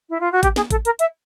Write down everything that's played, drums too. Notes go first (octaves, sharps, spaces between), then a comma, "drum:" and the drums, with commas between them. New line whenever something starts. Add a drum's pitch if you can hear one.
E4
F4
F#4
G4, drum: kick A1, hi-hat
G#4, drum: snare
A4, drum: kick A1, hi-hat
A#4, drum: hi-hat
E5, drum: hi-hat